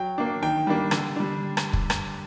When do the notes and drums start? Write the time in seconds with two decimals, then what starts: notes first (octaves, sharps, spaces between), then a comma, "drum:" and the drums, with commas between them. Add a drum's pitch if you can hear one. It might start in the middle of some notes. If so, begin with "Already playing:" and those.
Already playing: F#3 G5
0.18 A#3 D4
0.42 D#3 G5
0.67 G3 A#3 D4
0.91 D3, drum: rim click
1.16 G3 D4
1.57 drum: rim click
1.73 drum: kick
1.90 drum: rim click